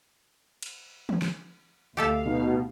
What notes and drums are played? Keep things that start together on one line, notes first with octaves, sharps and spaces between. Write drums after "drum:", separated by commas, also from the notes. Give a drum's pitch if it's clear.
drum: cymbal
drum: tom
drum: snare
D2 G4 A4 E5 F5
B2 D#4